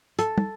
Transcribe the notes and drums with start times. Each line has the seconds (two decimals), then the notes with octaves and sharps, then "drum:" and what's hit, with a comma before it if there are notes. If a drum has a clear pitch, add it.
0.19 A4, drum: hi-hat
0.38 drum: tom